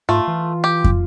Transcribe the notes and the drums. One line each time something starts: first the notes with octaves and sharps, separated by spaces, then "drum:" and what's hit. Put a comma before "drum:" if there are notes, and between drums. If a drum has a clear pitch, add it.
G#2 A3 F4
E3
G4
drum: kick